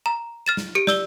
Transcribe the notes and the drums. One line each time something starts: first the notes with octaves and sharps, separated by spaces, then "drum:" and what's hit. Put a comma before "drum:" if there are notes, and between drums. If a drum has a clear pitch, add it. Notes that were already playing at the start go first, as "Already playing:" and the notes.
A#5
F6 A6 E7
drum: snare
G4 C#7 D7
D5 E6 G7, drum: snare